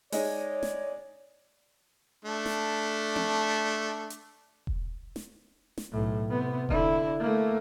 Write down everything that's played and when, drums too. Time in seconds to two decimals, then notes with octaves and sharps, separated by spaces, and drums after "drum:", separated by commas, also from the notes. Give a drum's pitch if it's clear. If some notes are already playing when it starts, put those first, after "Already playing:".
0.12 G#3 D#4 C#5 D5, drum: open hi-hat
0.63 drum: snare
2.25 A3 D4
2.46 drum: snare
3.16 drum: tom C4
4.10 drum: hi-hat
4.67 drum: kick E1
5.16 drum: snare
5.78 drum: snare
5.92 B1 A2
6.30 C3 B3
6.69 D3 E4, drum: kick E1
7.20 A3 A#3